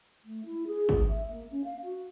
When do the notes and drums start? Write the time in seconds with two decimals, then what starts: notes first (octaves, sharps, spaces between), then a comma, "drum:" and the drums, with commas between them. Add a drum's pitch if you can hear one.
0.25 A3
0.46 E4
0.67 G#4
0.89 drum: kick
1.09 E5
1.29 A#3
1.51 C#4
1.64 F5
1.83 F#4